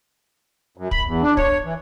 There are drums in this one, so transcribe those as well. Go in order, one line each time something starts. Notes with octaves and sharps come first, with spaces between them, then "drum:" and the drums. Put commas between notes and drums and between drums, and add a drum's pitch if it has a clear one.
F#2
B5, drum: kick
E2
D4
C#5, drum: kick
E3